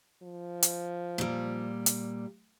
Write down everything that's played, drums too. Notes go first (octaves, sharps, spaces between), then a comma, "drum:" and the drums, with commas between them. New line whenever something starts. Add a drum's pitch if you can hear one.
F3
drum: hi-hat
A#2 G3
drum: hi-hat